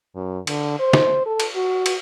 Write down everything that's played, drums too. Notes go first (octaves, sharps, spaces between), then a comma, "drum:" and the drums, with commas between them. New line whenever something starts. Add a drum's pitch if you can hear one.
F#2
D3, drum: cymbal
C5
drum: snare
A4
drum: cymbal
F#4
drum: cymbal